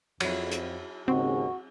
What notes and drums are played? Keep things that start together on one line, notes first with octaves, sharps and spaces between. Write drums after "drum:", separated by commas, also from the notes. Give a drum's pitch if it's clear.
F2 F#3 E4, drum: cymbal
drum: hi-hat
D#2 G#2 C#3 C4 F#4